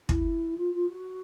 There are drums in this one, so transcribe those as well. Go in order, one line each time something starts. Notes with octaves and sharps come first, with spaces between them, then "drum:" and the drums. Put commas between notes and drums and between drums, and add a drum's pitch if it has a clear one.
E4, drum: kick
F4
F4
F#4